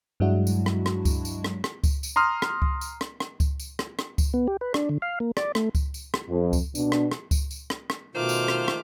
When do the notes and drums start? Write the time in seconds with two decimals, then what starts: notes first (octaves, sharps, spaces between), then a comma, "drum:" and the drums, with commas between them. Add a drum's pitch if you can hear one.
0.20 G2 F#3 G#3 D4 E4 F#4
0.47 drum: tambourine
0.66 drum: rim click
0.86 drum: rim click
1.05 drum: kick C#2, tambourine
1.25 drum: tambourine
1.44 drum: rim click
1.64 drum: rim click
1.84 drum: kick C#2, tambourine
2.03 drum: tambourine
2.16 A#5 C6 D#6 F6
2.42 drum: rim click
2.62 drum: kick C#2
2.81 drum: tambourine
3.01 drum: rim click
3.20 drum: rim click
3.40 drum: kick C#2, tambourine
3.60 drum: tambourine
3.79 drum: rim click
3.99 drum: rim click
4.18 drum: kick C#2, tambourine
4.34 B3
4.47 G4
4.61 B4
4.74 D4, drum: rim click
4.89 D3
5.02 F5
5.20 A#3
5.37 D5, drum: rim click
5.55 A3, drum: rim click
5.75 drum: kick C#2, tambourine
5.94 drum: tambourine
6.14 drum: rim click
6.29 F2
6.53 drum: kick C#2, tambourine
6.75 B2 D4, drum: tambourine
6.92 drum: rim click
7.12 drum: rim click
7.31 drum: kick C#2, tambourine
7.51 drum: tambourine
7.70 drum: rim click
7.90 drum: rim click
8.15 B2 D#3 A3 F4 C5 D6 F6
8.29 drum: tambourine
8.48 drum: rim click
8.68 drum: rim click